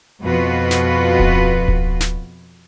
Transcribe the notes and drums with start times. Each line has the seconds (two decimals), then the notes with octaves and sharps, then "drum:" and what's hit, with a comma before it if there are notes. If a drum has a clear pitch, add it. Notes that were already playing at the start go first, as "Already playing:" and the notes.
0.22 F2 B2 F4 F#4 B4
0.71 drum: snare
1.19 drum: kick D1
1.68 drum: kick D1
2.00 drum: snare